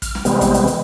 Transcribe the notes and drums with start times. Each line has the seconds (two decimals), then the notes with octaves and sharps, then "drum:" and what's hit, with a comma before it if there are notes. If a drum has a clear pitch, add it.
0.02 F6, drum: kick, hi-hat
0.15 drum: snare
0.25 C3 E3 G3 G#3 B3 C4, drum: hi-hat
0.41 drum: kick, hi-hat
0.54 drum: hi-hat
0.67 drum: hi-hat